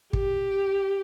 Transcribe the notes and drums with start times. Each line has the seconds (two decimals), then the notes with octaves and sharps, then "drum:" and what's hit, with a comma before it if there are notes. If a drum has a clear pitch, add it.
0.13 G4, drum: kick